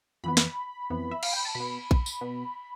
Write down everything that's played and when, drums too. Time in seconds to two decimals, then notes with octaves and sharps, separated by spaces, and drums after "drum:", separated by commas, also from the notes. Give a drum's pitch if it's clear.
0.24 F2 E3 B3 B5
0.37 drum: snare
0.90 F2 E3 B3
1.11 E5
1.23 F5, drum: cymbal
1.33 G5
1.45 A5
1.55 B2 B5
1.60 B3
1.91 drum: kick
2.06 drum: tambourine
2.21 B2 B3